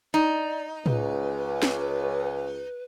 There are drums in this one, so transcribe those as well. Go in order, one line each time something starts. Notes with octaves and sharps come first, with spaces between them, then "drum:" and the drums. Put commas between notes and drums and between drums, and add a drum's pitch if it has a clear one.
D#4 D5
C#2 B4, drum: tom
drum: snare